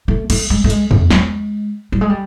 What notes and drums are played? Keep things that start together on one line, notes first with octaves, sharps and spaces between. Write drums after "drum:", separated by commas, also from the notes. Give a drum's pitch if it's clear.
A3
A3, drum: cymbal
G#3
A3
G#3, drum: hi-hat
A3, drum: tom E2
G#3, drum: snare
G3
G#3
G3